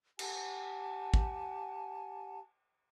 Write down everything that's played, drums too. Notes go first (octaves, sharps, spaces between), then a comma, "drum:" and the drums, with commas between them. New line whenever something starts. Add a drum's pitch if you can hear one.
G4 F#5 G#5 A5, drum: cymbal
drum: kick